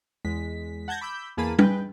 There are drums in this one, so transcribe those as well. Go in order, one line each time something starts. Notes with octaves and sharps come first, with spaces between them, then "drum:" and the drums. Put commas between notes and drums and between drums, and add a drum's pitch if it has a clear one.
E2 G#3 B6
F#5 A5 G6 G#6 A#6
B5 D6 E6 G6
E2 A#3 G#4 A5 B5 D#7
G#3 B4 G5, drum: tom G3